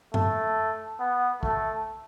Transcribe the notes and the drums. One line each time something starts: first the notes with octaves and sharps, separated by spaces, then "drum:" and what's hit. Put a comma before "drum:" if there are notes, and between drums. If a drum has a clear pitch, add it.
A3, drum: tom F#2
B3
A3, drum: kick A#1